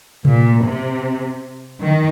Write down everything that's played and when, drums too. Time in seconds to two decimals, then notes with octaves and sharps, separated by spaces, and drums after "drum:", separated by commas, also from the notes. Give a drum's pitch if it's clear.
0.25 A#2, drum: tom C3
0.64 C3
1.80 D#3